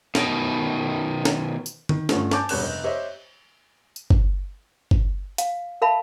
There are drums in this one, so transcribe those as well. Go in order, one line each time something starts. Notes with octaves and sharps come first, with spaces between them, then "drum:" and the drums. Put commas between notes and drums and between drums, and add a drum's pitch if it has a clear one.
B2 D#3, drum: snare
drum: snare
drum: tambourine
D#3, drum: tom D3
G2 D3 F3 A3 C#4, drum: snare
G#5 A5 D6 G6, drum: snare
E1 G3 C#5 F#6 E7, drum: cymbal
F1
G4 C5 C#5 D#5 E5
drum: tambourine
drum: kick G1
drum: kick G1
F5, drum: hi-hat
A#4 E5 F5 A5 B5